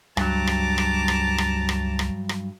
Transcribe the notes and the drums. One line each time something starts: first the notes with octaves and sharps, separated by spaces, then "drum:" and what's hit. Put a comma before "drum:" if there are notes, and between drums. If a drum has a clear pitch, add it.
C#2 G2 F#3 A5 A#5 D6, drum: rim click
drum: rim click
drum: rim click
drum: rim click
drum: rim click
drum: rim click
drum: rim click
drum: rim click